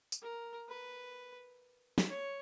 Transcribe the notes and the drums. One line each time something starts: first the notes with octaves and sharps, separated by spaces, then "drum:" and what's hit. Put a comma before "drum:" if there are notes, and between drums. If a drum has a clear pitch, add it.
drum: tambourine
A#4
B4
drum: snare
C#5